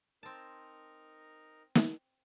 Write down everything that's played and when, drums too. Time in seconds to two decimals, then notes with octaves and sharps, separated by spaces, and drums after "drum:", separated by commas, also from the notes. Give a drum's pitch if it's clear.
0.23 C4 D#4 A#4 A5
1.75 drum: snare